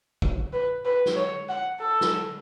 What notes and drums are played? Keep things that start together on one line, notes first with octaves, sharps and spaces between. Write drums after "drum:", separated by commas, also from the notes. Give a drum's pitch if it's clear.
drum: kick
B4
B4
drum: snare
C#5
F#5
A4
drum: snare